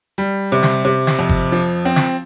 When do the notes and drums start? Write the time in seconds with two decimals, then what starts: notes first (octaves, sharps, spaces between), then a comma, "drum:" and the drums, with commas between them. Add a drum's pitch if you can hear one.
0.18 G3
0.52 C3
0.63 drum: snare
0.85 C3
1.07 drum: snare
1.19 F2
1.29 drum: kick G1
1.52 F3
1.85 C4
1.96 drum: snare